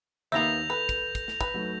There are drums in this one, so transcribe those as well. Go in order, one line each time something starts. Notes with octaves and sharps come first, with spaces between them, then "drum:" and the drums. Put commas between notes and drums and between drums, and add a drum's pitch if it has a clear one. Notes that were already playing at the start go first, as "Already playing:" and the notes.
D#2 D#3 A#3 B3 E5 G6 A#6 F7
A4 B4
drum: kick, hi-hat
drum: kick, hi-hat
drum: snare
B4, drum: kick, hi-hat
F#3 A3 D#4